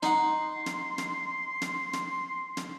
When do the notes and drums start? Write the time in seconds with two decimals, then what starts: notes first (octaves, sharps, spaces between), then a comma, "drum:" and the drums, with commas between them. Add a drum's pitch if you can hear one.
0.03 D#4 F#5 C6, drum: snare
0.66 drum: snare
0.98 drum: snare
1.62 drum: snare
1.93 drum: snare
2.57 drum: snare